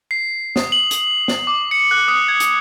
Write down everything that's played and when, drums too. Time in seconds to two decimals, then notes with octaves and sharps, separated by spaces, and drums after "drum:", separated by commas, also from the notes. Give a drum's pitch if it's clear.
0.11 C7
0.56 D#6, drum: snare
0.72 F#7
0.91 drum: hi-hat
1.28 drum: snare
1.47 D6
1.71 C#7
1.91 F#6
2.08 D#6
2.28 G#6
2.40 drum: hi-hat